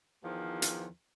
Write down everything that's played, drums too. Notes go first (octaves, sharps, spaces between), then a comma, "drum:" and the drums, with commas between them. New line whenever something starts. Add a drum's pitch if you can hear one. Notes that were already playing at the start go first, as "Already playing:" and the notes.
E2 D#3 F3
drum: hi-hat